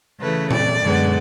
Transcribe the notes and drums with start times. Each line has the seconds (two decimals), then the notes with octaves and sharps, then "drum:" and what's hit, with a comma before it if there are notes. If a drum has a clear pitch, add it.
0.21 C#3 E3 A3 B4
0.51 D5, drum: tom A#2
0.80 F#2 D3 G#3 B3